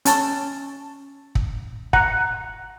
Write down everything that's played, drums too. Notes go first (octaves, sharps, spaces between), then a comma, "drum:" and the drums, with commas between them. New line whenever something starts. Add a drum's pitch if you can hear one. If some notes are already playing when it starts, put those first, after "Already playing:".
C#4 A5 C#6, drum: hi-hat
drum: kick
F#5 A#5, drum: kick